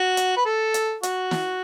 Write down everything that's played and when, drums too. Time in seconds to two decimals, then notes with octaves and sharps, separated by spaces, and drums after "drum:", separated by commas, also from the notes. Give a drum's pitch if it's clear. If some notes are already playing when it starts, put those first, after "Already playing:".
Already playing: F#4
0.17 drum: hi-hat
0.37 B4
0.45 A4
0.74 drum: hi-hat
1.03 F#4, drum: hi-hat
1.31 drum: snare